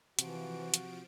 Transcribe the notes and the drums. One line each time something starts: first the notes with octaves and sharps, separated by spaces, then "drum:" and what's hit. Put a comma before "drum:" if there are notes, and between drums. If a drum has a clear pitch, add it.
C3 E3 F3 F#4 D7, drum: hi-hat
drum: hi-hat